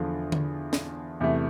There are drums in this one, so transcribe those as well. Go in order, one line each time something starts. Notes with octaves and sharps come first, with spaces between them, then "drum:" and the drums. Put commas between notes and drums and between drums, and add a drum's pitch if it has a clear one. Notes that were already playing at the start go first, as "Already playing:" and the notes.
Already playing: E2 D3 F3
drum: tom D3
drum: snare
E2 C3 E3 A3